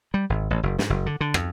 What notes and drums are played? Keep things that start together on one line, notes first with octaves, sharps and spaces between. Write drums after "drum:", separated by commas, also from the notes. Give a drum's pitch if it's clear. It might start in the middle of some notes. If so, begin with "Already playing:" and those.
G3
G#1
A1
F#1
G#2, drum: snare
F#1
D3
D3
F2, drum: rim click